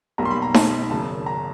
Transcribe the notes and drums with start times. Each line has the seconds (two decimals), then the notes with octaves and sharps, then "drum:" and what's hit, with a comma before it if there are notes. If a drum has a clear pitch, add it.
0.18 B1 B2 G3 A#3 A#5
0.25 C6
0.30 B5
0.42 A#5
0.54 A5, drum: snare D#4
0.90 G#1 F#2 C#3 A5
1.26 A#5